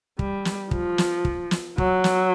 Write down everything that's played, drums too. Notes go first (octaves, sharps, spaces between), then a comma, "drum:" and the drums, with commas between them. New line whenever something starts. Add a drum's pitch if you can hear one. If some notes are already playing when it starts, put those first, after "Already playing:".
G3, drum: kick
drum: snare
F3, drum: kick
drum: snare
drum: kick
drum: snare
F#3, drum: kick
drum: snare